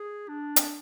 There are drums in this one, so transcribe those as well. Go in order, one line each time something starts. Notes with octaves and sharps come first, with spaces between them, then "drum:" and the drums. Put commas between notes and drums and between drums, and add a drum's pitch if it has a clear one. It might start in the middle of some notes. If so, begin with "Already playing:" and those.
Already playing: G#4
D4
drum: hi-hat